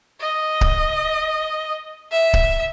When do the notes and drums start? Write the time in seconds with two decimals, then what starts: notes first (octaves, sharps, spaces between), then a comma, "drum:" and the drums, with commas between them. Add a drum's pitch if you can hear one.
0.20 D#5
0.61 drum: kick C#1
2.12 E5
2.33 drum: kick C#1